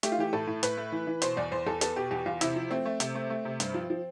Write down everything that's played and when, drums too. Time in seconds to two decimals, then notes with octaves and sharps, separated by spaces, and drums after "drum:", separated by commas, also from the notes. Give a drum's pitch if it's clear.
0.03 A3 G4, drum: hi-hat
0.12 F4
0.18 E3 G4
0.33 A2 A4
0.47 A2
0.63 A2 B4, drum: hi-hat
0.77 A3
0.92 E3
1.07 E3
1.22 B2 C5, drum: hi-hat
1.37 E2 D5
1.52 E2 C5
1.67 E2 A4
1.81 B3 A4, drum: hi-hat
1.96 B2 G4
2.11 E2 G4
2.26 E2 F4
2.41 C3 E4, drum: hi-hat
2.56 F3
2.71 A3 C4
2.86 A3
3.00 C3, drum: hi-hat
3.15 A3
3.30 A3
3.45 C3
3.60 G2, drum: hi-hat
3.74 F3
3.90 F3